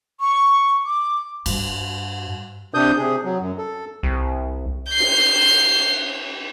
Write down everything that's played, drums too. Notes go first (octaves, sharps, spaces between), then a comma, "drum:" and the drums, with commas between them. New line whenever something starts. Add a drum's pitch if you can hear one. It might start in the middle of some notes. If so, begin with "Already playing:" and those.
C#6
D6
G2, drum: cymbal
C3 D4 D#6 G6
C3 G#4
F#3
F#2
A4
C2
G6 C7
drum: cymbal